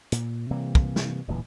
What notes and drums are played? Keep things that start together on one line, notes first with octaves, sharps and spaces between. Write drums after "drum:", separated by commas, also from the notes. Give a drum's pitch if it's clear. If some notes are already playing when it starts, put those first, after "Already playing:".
A#2, drum: hi-hat
C3 E3 G3 A#3
drum: kick
drum: snare
D1 G2 A#2 E3